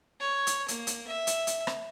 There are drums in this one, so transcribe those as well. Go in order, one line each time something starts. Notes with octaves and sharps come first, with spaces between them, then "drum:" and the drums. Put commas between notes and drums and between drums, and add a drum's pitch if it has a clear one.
C#5
drum: hi-hat
A#3, drum: hi-hat
drum: hi-hat
E5
drum: hi-hat
drum: hi-hat
drum: rim click